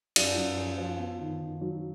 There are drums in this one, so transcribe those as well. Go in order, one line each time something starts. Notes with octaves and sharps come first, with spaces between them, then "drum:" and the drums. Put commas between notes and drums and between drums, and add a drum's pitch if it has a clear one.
F#2, drum: cymbal
F#2
F3
F3
B3
D#3
D#3
F#3